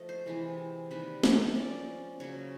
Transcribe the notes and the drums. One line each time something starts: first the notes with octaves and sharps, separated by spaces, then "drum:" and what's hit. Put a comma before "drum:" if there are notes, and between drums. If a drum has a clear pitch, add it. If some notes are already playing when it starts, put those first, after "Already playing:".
Already playing: F3 A3 D#5
C5
C3 E3 G#3
C3 D#3 G3 A#3 B4
C#5, drum: snare
F3 A#3 C#4 D5
C#3 F#3 A#3 C#5